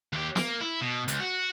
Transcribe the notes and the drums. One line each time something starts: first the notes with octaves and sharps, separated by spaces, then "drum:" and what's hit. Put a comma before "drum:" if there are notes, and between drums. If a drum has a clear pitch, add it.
D#2 G4
A#3, drum: snare
E4
B2
C#2, drum: hi-hat
F#4